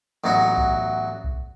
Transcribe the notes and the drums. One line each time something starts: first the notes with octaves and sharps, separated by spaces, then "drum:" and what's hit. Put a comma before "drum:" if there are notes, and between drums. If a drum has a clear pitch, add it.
A1 E2 F#3 D#4 F#4
drum: kick B1
drum: kick B1